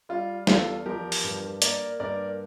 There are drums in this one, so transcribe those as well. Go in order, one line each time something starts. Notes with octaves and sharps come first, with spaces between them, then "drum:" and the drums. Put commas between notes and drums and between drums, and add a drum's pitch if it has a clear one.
G3 F4
E2 F4 A4, drum: snare
F3 G4 A#4
drum: open hi-hat
G2
A#3 A#4 D5, drum: hi-hat
G2 A#4 D5